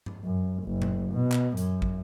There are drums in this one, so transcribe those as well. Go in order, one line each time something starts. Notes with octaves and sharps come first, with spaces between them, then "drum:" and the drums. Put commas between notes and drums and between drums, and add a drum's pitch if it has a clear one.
drum: tom G2
F#2
F#1
drum: tom A#2
B2
drum: clap
F#2, drum: hi-hat
drum: kick